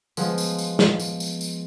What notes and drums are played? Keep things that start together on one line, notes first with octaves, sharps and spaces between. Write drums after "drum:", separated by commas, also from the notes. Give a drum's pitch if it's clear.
F3 G#3 B3, drum: tambourine
drum: tambourine
drum: tambourine
drum: snare
drum: tambourine
drum: tambourine
drum: tambourine